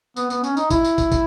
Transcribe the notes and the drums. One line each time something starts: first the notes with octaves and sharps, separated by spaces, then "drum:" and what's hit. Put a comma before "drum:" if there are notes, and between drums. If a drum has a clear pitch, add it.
B3, drum: tambourine
B3, drum: tambourine
C#4, drum: tambourine
D#4, drum: tambourine
E4, drum: kick, tambourine
drum: tambourine
drum: kick, tambourine
drum: kick, tambourine